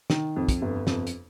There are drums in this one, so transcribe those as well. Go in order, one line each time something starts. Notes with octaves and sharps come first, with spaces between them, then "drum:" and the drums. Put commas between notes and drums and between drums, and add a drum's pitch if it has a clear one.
D#3, drum: snare
F2
drum: kick, hi-hat
G1
F2, drum: snare
drum: hi-hat